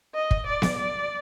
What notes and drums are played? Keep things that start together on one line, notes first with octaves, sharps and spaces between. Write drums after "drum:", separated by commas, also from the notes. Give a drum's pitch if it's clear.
D#5
drum: kick
D5
drum: snare B3
D5